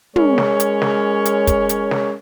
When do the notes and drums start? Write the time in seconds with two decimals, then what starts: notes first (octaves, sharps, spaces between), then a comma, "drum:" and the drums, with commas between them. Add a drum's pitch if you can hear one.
0.16 G#3 C#4 A#4 C#5, drum: tom
0.38 drum: snare
0.60 drum: hi-hat
0.82 drum: snare
1.25 drum: hi-hat
1.47 drum: kick, hi-hat
1.69 drum: hi-hat
1.91 drum: snare